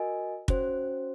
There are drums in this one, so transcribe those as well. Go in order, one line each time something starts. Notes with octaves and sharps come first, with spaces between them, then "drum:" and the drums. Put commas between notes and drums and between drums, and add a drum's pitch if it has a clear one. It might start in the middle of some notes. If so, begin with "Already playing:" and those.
Already playing: F#4 A#4 D#5 G#5
C#4 F#4 C5, drum: kick